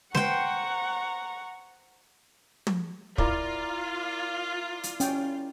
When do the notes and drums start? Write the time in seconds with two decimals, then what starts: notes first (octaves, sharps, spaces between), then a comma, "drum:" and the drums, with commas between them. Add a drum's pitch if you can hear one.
0.15 C5 F#5 G5 A#5 C#6, drum: snare G#3
2.67 drum: tom
3.18 E4 F4 A#4 D5, drum: kick
4.83 drum: hi-hat
5.00 C#4 G5, drum: hi-hat